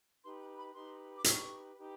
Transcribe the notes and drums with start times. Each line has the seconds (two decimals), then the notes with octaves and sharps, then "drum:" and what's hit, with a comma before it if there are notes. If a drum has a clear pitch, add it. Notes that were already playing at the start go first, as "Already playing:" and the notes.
0.23 D#4 G4 B4 C6
0.40 B5
0.57 B5
0.74 D#4 G4 B4 C6
1.18 D6
1.24 D#4 G4 B4 C#6, drum: hi-hat
1.77 D#4 G4 B4